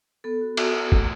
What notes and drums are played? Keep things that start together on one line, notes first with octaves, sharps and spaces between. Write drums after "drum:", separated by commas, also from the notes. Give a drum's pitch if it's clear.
B3 A4
F#4
B3 F#4, drum: cymbal
F#4
A3, drum: kick